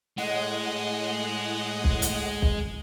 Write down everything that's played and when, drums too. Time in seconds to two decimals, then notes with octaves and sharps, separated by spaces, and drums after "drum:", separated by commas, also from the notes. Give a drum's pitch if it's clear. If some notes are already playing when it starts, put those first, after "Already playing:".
0.18 A2 G#3 D#5 F#5
1.84 drum: kick
2.02 drum: hi-hat
2.42 drum: kick